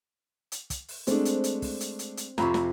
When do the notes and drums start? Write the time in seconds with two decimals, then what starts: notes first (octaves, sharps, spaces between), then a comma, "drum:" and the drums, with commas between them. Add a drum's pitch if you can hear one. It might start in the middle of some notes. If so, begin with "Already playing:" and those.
0.52 drum: hi-hat
0.70 drum: kick, hi-hat
0.88 drum: open hi-hat
1.07 G#3 A3 C4 D4 C5, drum: hi-hat
1.25 drum: hi-hat
1.44 drum: hi-hat
1.62 drum: kick, open hi-hat
1.81 drum: hi-hat
1.99 drum: hi-hat
2.17 drum: hi-hat
2.38 F2 C3 A#5 B5 C#6, drum: snare
2.54 drum: snare